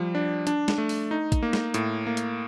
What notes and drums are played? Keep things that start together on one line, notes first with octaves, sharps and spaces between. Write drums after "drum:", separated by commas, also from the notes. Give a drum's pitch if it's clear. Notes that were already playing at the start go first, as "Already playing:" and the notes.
Already playing: F3 G3
D4
D4, drum: hi-hat
drum: snare
A3
drum: open hi-hat
D#4
drum: kick, hi-hat
A#3
drum: snare
A2, drum: hi-hat
A#3
drum: hi-hat